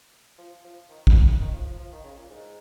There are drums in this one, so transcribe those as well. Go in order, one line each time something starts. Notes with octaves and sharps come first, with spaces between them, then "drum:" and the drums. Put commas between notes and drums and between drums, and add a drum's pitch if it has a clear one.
F3
F3
D#3
F3, drum: kick
C#3
D#3
F3
F3
F3
D#3
C#3
A#2
G#2